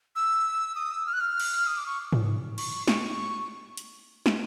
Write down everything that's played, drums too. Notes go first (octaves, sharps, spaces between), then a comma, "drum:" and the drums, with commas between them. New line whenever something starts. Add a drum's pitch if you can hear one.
E6
D#6
E6
F6
F#6
F6
drum: cymbal
D#6
D6
C#6
drum: tom G#2
C#6, drum: cymbal
C#6, drum: snare
drum: hi-hat
drum: snare